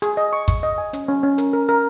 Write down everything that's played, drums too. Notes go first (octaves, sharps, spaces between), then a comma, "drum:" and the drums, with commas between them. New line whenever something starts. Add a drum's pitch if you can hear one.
G#4, drum: hi-hat
D#5
C#6
C#6, drum: kick, hi-hat
D#5
G#5
C#4, drum: hi-hat
C#4
C#4
A#4, drum: hi-hat
A#4
A#4